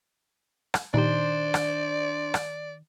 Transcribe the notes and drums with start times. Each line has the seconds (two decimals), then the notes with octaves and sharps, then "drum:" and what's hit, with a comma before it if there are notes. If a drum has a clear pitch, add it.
0.74 drum: rim click
0.94 A#2 D#3 D4 D#4 G4 C5 D5
1.54 drum: rim click
2.34 drum: rim click